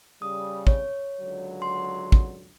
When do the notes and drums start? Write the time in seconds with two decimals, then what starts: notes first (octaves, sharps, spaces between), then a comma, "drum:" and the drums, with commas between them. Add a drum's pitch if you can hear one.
0.22 C#3 G3 D#6
0.67 C#5, drum: kick
1.20 C#2 D3 F#3
1.62 C6
2.12 drum: kick